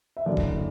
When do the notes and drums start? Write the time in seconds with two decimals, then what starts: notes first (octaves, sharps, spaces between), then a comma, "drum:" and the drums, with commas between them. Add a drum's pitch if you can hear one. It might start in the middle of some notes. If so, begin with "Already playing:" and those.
0.17 E5
0.26 F#1 F#2 D3 D5
0.37 drum: kick D#1